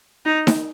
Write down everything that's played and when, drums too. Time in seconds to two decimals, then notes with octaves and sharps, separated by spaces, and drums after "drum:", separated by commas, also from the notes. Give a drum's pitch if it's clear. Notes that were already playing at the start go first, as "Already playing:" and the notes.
0.26 D#4
0.47 drum: snare D#4